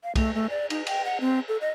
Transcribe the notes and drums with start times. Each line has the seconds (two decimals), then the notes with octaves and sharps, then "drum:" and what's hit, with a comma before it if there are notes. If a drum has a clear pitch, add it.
0.04 F5
0.16 A3, drum: kick, cymbal
0.34 A3
0.50 D5
0.70 D#4, drum: cymbal
0.87 G5, drum: cymbal
1.05 F#5
1.21 C4
1.48 A4
1.61 D#5